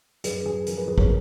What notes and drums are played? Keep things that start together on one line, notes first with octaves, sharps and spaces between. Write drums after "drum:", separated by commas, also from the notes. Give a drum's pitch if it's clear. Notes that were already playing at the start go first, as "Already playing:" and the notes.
F#2 G#4 B4, drum: hi-hat
F#2 G#4
F3 A#4, drum: hi-hat
G#4 B4
F3 G#4 B4
A#4 C#5, drum: kick